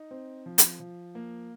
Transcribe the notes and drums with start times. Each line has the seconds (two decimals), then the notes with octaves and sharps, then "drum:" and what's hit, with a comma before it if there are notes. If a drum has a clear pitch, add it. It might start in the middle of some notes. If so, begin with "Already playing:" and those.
Already playing: D#4
0.11 C4
0.46 F3
0.58 drum: hi-hat
0.80 F3
1.15 A#3